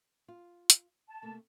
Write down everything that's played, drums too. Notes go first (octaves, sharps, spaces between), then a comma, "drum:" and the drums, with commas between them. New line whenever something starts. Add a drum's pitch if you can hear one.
F4
drum: hi-hat
A5
C3 A3 A#3